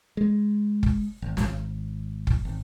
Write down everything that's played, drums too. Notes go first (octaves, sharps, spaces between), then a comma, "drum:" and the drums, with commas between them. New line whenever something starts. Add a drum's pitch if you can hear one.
G#3
drum: kick F#1
G#1
drum: snare
drum: kick F#1
G#1